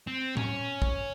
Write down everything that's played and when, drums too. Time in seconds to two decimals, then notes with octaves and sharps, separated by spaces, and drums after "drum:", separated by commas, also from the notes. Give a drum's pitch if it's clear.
0.07 C4
0.37 C#4, drum: tom A2
0.82 drum: kick A1